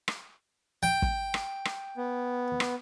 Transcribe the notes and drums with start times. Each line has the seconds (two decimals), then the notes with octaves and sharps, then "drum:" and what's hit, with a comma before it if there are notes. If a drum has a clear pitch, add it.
0.08 drum: rim click
0.83 G5
1.02 drum: kick
1.34 drum: rim click
1.65 drum: rim click
1.97 B3
2.60 drum: rim click